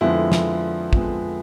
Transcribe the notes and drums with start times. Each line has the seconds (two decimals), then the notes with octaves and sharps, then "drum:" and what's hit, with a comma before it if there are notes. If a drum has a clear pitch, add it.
0.01 F2 D3 F3 G#3 B3 E4
0.32 drum: snare
0.93 F2 D3 F3 G#3 B3, drum: kick